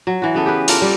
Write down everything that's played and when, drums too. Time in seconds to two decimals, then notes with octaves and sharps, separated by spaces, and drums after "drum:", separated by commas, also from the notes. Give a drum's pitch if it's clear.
0.07 F#3
0.22 E3 F#4
0.34 C#3 B3 A4
0.46 G4 G#4 B4
0.68 A#3 F4 A4 A#4, drum: hi-hat
0.82 G3